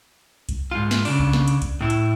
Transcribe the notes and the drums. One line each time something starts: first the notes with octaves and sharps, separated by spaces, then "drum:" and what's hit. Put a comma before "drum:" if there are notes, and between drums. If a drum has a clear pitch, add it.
drum: kick C2, hi-hat
G#2 F4
drum: snare
C#3 D4, drum: open hi-hat
drum: kick C2
drum: snare
drum: hi-hat
drum: kick C2, hi-hat
A2 E4
drum: hi-hat